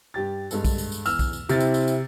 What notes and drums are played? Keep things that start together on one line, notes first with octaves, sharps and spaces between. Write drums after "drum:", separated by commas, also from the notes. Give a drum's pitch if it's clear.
G2 G4 A6
G2 G#3 A4, drum: tambourine
drum: kick B1, tambourine
drum: tambourine
drum: tambourine
E2 E6 F6, drum: tambourine
drum: kick B1, tambourine
drum: tambourine
C3 C4 E4 F6 A6, drum: tambourine
drum: tambourine
drum: tambourine
drum: tambourine